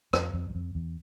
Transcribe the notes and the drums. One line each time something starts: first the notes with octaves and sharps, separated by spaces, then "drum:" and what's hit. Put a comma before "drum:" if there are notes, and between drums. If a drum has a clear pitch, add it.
F2, drum: rim click
F2
F#2
F2
E2